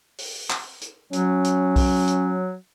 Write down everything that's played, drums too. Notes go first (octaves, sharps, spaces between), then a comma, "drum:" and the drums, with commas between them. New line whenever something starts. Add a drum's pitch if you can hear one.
drum: open hi-hat
drum: clap
drum: hi-hat
F#3 C#4, drum: hi-hat
drum: hi-hat
drum: kick B1, open hi-hat
drum: hi-hat